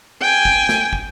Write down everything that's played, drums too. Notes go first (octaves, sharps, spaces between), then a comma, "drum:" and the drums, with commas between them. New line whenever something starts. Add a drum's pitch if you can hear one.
G5 G#5
drum: kick
drum: snare
drum: kick